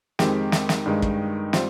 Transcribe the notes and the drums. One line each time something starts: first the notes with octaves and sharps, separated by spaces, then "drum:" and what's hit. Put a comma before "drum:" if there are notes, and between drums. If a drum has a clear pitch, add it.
F2 D#3 G#3 C4 G4, drum: snare
drum: snare
drum: snare
G2 D#3 G#3 D#4
drum: kick
G3 C4 F4 C5, drum: snare